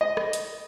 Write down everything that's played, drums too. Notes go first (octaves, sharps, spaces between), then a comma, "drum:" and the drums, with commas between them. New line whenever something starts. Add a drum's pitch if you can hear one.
D#5
drum: rim click
drum: hi-hat